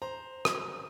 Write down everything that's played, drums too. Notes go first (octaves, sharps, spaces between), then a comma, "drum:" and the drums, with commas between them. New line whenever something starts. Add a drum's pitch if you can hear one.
C5 A#5
drum: rim click